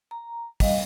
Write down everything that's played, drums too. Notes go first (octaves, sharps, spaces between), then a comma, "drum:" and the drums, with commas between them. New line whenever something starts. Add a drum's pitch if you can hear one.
A#5
G3 D#5 F5, drum: kick, open hi-hat